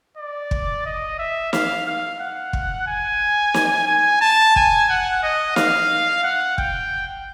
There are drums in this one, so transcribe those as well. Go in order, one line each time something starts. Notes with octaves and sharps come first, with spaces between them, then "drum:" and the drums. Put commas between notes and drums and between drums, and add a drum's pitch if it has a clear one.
D5
drum: kick
D#5
E5
F5, drum: snare
F5
F#5
drum: kick
G#5
drum: snare
G#5
A5
G#5, drum: kick
F#5
D#5
F5, drum: snare
F#5
G5, drum: kick